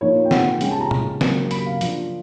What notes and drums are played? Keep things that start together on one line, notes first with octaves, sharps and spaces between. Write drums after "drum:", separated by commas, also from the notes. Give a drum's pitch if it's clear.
A#2 F3 A#3 D#4 C#5
G5
F#5, drum: snare
F3 G#3 C#4 G5, drum: hi-hat
A5
A#5
drum: tom
C#3 F#3 A#3, drum: snare
B5, drum: hi-hat
F5
F3 A#3 D4, drum: hi-hat